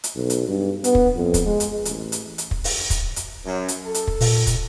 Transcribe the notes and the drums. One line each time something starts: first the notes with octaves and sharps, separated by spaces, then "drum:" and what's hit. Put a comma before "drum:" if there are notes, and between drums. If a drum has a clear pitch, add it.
drum: hi-hat
B1
drum: hi-hat
G2
B3, drum: hi-hat
drum: kick
F2
drum: kick, hi-hat
G#3
drum: hi-hat
A1, drum: hi-hat
drum: hi-hat
drum: hi-hat
drum: kick
drum: open hi-hat
drum: kick, hi-hat
drum: hi-hat
F#2
drum: hi-hat
A4
drum: hi-hat
drum: kick
A#2, drum: open hi-hat
drum: kick, hi-hat